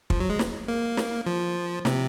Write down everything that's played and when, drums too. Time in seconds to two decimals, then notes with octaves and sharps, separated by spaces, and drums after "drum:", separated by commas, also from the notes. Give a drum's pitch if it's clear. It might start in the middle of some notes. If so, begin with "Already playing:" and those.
0.10 F3, drum: kick
0.20 F#3
0.30 G#3
0.39 drum: snare
0.68 A#3
0.97 drum: snare
1.27 F3
1.85 C3, drum: snare